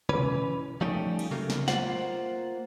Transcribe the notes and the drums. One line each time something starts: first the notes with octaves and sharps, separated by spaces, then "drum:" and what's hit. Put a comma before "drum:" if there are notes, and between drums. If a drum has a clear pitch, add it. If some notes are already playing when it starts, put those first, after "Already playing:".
E3 C#4 B4, drum: tom
F3 G3 A3 C#4 D#4 G4
drum: cymbal
C#3 F#3 A3 A#3
drum: snare
A#3 F4 C5 F#5, drum: snare